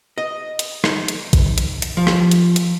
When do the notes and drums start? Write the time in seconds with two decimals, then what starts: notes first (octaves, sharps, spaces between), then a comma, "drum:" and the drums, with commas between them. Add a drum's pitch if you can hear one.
0.18 D#5
0.59 drum: hi-hat
0.84 D#4, drum: rim click
1.08 drum: hi-hat
1.33 drum: kick A1, hi-hat
1.58 drum: hi-hat
1.82 drum: hi-hat
1.97 F3
2.07 drum: rim click
2.31 drum: hi-hat
2.56 drum: hi-hat